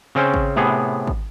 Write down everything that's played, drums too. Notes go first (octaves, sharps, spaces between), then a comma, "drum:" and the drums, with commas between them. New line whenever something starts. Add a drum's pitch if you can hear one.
C#3 C4 C#4 C5
drum: kick G#1
A2 C3 B3 G#4
drum: kick G#1